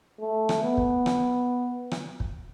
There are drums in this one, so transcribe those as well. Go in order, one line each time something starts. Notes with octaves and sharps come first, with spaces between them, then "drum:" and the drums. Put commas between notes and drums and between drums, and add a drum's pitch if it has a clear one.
A3
drum: rim click
B3
drum: kick
drum: rim click
drum: rim click
drum: kick